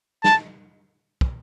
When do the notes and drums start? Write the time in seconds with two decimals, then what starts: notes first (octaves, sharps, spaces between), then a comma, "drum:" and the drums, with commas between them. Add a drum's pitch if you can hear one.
0.24 A5, drum: snare
1.21 drum: kick